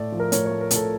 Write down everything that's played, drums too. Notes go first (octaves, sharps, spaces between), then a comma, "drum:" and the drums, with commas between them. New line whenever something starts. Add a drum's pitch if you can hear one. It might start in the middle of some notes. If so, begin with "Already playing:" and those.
Already playing: A2 A3 D5
F3
A#4
A2 C#5, drum: hi-hat
A3 C#5
A#4
A2, drum: hi-hat
A4